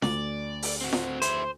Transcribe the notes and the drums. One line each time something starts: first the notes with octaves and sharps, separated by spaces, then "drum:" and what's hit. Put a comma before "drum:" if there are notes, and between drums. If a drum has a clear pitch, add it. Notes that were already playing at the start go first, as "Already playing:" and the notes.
D2 D5, drum: snare F4
drum: open hi-hat
C4 F#4
drum: snare F4
E4 G#4 C5, drum: hi-hat